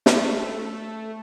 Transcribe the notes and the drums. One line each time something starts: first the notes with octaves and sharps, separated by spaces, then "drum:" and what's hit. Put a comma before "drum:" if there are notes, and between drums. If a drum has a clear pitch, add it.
A3, drum: snare